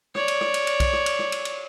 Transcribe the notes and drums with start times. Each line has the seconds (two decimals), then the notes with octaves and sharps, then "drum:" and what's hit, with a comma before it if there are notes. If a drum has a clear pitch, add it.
0.15 C#5 D5, drum: rim click
0.28 drum: cymbal
0.41 drum: rim click
0.54 drum: cymbal
0.67 drum: cymbal
0.80 drum: kick B1, cymbal
0.93 drum: rim click
1.06 drum: cymbal
1.19 drum: rim click
1.32 drum: cymbal
1.45 drum: cymbal